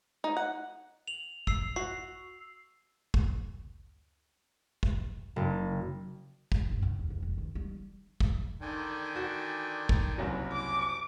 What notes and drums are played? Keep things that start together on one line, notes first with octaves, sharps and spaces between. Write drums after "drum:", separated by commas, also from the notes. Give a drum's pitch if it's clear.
D#4
F#5
F7 F#7
E6 C7, drum: kick G1
F#4 C7
drum: kick G1
drum: kick G1
F#1
drum: kick G1
G1
C#3
E2
F2
F1
D#3
G3
drum: kick G1
D3 D#3 D5 G5 G#5
F#4
drum: kick G1
F#1 C2 F#3
D6